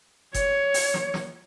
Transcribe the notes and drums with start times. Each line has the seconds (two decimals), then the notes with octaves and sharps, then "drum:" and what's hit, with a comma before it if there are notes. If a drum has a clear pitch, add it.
0.34 C#5, drum: kick F#1, hi-hat
0.74 drum: open hi-hat
0.94 drum: snare
1.14 drum: snare